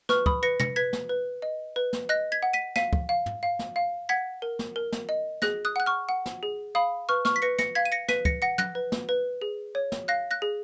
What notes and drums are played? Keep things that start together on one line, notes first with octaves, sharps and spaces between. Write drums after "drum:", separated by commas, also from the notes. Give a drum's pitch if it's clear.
B4 C#6 F6, drum: snare
B5 D#6, drum: kick
B4 A#6 C#7
A#6 C#7, drum: tom
B4 G#6 B6
drum: snare
B4
D#5
B4
drum: snare
D#5 F#6 A#6
G#6 B6
F#5
B6 D#7
F5 B6 D#7, drum: snare
drum: kick
F5
drum: tom
F5
drum: snare
F5
F#5 G#6 B6
A#4
drum: snare
A#4
drum: snare
D#5
G#4 F#6 A#6, drum: snare
D#6 F#6
F#5 F#6
C#6 F6
F#5
drum: snare
G#4
F5 B5 D#6
B4 C#6 F6
C#6 F6, drum: snare
B6
B4 A#6 C#7
A#6 C#7, drum: snare
F5 G#6 B6
D#7
A#6 C#7
B4 B6 D#7, drum: snare
A#6 C#7, drum: kick
F#5 A#6 C#7
F#6 A#6, drum: tom
B4
drum: snare
B4
G#4
C#5
drum: snare
F5 F#6 A#6
F#6 A#6
G#4